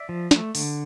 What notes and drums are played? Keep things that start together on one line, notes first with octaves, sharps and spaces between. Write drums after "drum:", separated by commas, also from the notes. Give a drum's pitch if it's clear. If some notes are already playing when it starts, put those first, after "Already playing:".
Already playing: D5 E5
F3
A3, drum: snare
D3, drum: open hi-hat